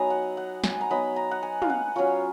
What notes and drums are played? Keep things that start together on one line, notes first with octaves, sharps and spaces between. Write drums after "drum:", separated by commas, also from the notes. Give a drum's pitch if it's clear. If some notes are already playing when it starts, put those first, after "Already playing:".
Already playing: F#3 B3 D#4 G#5 A#5
F#5
F#5
G#5, drum: snare
A#5
F#3 B3 D#4 B5
A#5
F#5
G#5
F5, drum: tom
F#5
F#3 C#4 F4 C#5